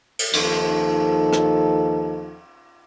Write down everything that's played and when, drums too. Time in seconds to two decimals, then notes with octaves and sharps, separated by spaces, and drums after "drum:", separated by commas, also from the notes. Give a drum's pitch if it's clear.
0.19 drum: cymbal
0.33 D#2 F3 D#4 A4, drum: cymbal
1.33 drum: rim click